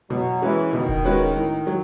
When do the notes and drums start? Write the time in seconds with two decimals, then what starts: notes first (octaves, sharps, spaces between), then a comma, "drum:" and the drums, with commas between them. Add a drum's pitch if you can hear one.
0.10 B2 F#3
0.42 E3 G#3 C#4 F#4 B4
0.73 B2 D#3
0.88 drum: kick E1
1.04 G#3 C#4 F#4 B4
1.36 A2
1.67 F#3